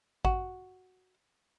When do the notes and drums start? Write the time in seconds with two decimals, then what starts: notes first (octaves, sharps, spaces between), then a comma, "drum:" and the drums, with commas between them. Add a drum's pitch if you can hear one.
0.25 F#4, drum: kick G#1